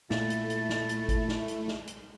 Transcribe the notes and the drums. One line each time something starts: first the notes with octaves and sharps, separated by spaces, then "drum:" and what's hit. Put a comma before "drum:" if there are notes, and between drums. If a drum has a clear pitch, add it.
A#2 A3 E4 A6, drum: snare
drum: hi-hat
drum: hi-hat
drum: snare
drum: hi-hat
drum: kick G#1, hi-hat
drum: snare
drum: hi-hat
drum: snare
drum: hi-hat